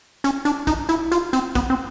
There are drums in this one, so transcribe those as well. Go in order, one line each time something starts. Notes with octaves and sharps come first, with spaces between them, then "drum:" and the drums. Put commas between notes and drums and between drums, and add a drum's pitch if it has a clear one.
C#4, drum: hi-hat
D4, drum: hi-hat
D#4, drum: kick, hi-hat
E4, drum: hi-hat
F4, drum: hi-hat
C4, drum: hi-hat
B3, drum: kick, hi-hat
C4